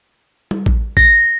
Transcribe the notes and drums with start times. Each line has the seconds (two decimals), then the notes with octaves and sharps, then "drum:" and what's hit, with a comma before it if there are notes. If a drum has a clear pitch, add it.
0.51 drum: tom G3
0.66 drum: kick A1
0.97 A#6, drum: kick A1